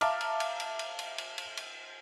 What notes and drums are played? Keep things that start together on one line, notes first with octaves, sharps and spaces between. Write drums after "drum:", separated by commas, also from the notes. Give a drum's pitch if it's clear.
E5 F5 A5 A#5 D6 F6, drum: cymbal
drum: cymbal
drum: cymbal
drum: cymbal
drum: cymbal
drum: cymbal
drum: cymbal
drum: cymbal
drum: cymbal